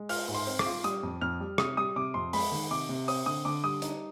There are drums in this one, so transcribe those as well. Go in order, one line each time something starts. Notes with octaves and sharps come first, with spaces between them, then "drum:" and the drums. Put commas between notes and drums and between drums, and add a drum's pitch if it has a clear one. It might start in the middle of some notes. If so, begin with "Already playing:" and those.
Already playing: G#3
F4 F6, drum: open hi-hat
G#2
C6, drum: open hi-hat
C4
D6, drum: rim click
F4
G3 D#6, drum: hi-hat
F2
F2 F6
G3
C3 D#6, drum: rim click
G3 D#6
C3 D6
F2 C6
G#3 B5, drum: open hi-hat
D#3
C3 D6
C3
C4 D#6, drum: open hi-hat
D3 D#6
D3 D6
G3 D#6
D#4, drum: hi-hat